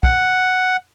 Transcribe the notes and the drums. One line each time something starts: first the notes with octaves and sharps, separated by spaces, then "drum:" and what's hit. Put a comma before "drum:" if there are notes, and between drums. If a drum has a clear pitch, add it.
F#5, drum: kick